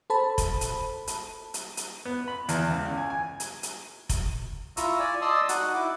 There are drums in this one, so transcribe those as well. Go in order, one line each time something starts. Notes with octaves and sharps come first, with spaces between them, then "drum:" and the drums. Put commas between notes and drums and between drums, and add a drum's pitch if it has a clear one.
A4 C5 A5 B5
drum: kick F1, hi-hat
drum: hi-hat
drum: hi-hat
drum: hi-hat
drum: hi-hat
B3
B5
E2, drum: hi-hat
C#2
G#5
G#5
drum: hi-hat
drum: hi-hat
drum: kick F1, hi-hat
E4 F4 A#5 C#6 E6, drum: hi-hat
D5 G#5
D5 D#5 A5 C6 D#6 E6
D#4 F#4 F#5, drum: hi-hat
E4 D6